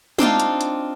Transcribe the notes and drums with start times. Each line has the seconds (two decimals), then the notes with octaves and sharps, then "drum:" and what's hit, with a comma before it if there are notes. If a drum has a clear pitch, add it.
0.18 C4 D4 D#4 F4, drum: tom
0.40 drum: hi-hat
0.61 drum: hi-hat